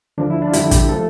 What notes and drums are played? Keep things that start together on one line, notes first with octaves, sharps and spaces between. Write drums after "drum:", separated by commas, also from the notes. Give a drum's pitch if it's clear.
D2 D3 F3 D4
E4
D4
F4
F2 D3 G3 E4, drum: hi-hat
G4, drum: kick, hi-hat
F3 A3 A4